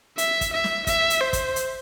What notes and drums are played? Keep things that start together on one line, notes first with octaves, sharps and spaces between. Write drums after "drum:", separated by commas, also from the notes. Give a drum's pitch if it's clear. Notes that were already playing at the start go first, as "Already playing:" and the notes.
E5, drum: hi-hat
drum: kick, hi-hat
E5
drum: snare
E5, drum: kick, hi-hat
drum: hi-hat
C5
drum: kick, hi-hat
drum: hi-hat